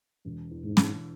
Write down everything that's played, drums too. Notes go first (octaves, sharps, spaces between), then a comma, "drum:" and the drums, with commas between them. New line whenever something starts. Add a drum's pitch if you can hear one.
E1
E2
G#2
E1, drum: snare